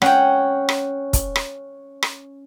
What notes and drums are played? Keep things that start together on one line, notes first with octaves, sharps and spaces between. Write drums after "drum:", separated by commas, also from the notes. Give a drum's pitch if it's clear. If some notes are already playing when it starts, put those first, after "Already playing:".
C#4 F#5 G5, drum: rim click
drum: rim click
drum: kick, hi-hat
drum: rim click
drum: rim click